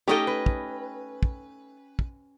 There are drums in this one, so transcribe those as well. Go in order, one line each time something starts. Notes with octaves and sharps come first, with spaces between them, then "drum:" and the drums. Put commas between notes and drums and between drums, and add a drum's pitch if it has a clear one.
A3 C#4 D#4 G4 A4 D#5 G5
B4
drum: kick
drum: kick
drum: kick